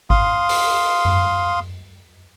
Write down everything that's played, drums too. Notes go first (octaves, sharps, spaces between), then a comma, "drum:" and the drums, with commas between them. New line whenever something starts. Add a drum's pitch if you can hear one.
F5 C6 D#6, drum: kick G#1
drum: open hi-hat
drum: tom F#2